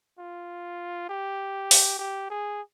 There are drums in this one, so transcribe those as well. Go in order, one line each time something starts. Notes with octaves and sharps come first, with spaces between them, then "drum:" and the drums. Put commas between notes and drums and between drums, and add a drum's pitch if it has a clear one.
F4
G4
drum: open hi-hat
G4
G#4